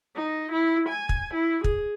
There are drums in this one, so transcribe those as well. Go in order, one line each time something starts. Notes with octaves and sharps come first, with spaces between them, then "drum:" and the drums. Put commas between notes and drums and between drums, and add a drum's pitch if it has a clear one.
D#4
E4
G#5
drum: kick
E4
G#4, drum: kick